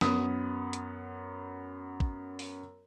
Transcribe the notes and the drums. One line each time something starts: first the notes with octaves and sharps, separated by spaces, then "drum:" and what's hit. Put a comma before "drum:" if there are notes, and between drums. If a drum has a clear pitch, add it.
F#2 B3 B5 D#6, drum: snare
drum: hi-hat
drum: kick
drum: open hi-hat